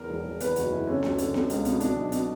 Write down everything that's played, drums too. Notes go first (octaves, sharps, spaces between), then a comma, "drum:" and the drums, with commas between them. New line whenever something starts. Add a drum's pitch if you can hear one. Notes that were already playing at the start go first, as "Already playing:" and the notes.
Already playing: E2 A#4
E1
E1
E2 B4, drum: hi-hat
F#1 F#4, drum: hi-hat
F#1 E4
D3 C#4
D2, drum: snare B3
D3, drum: hi-hat
B2, drum: snare B3
C#2, drum: hi-hat
B2, drum: hi-hat
B2 D4, drum: hi-hat
B1
B2, drum: hi-hat